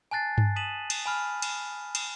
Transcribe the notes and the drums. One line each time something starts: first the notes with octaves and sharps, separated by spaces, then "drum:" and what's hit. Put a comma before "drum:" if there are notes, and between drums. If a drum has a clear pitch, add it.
G#5 A5 F#6 A6 C7
drum: tom G2
A5 D#6 B6 D#7 E7 F#7
drum: cymbal
G#5 B5 F6
drum: cymbal
drum: cymbal